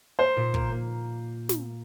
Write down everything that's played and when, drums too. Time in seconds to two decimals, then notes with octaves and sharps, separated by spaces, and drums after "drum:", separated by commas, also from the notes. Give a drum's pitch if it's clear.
0.19 A#3 C5
0.37 A#2
0.54 A#3, drum: kick
0.72 A#3
1.49 drum: snare